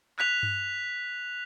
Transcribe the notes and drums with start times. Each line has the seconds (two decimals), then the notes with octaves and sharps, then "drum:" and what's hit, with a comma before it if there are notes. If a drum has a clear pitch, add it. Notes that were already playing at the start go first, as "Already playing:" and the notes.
0.19 F#6 B6 F7, drum: clap
0.43 drum: tom G2